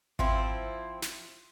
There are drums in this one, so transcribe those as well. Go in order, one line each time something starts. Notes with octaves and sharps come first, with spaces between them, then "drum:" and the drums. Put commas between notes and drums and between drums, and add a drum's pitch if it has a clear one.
F3 C4 E4, drum: kick G#1
drum: snare